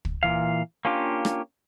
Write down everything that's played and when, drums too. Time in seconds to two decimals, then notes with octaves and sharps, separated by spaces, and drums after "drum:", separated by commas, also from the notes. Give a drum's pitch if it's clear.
0.05 drum: kick
0.23 A#2 E3 F5
0.85 A#3 C#4 D4 F4 G4
1.25 drum: rim click